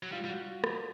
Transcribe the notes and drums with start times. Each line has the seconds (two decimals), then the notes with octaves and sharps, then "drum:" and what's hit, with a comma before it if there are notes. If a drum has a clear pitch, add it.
0.03 F#3
0.12 G3 F4
0.25 G3
0.29 F#4
0.64 drum: rim click